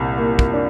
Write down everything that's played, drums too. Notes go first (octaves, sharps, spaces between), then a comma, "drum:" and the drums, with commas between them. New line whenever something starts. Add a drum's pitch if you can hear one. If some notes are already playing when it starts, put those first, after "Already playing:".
Already playing: C2 A#2
A#3
drum: kick
D4